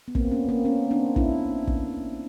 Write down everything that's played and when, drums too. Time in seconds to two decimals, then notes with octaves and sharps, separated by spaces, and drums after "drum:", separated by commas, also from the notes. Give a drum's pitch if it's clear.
0.08 B3
0.15 A#3 C4, drum: kick
0.31 B3 C#4
0.49 A#3 C4
0.65 B3 C#4
0.91 C4 D4
1.16 D4 E4, drum: kick
1.67 drum: kick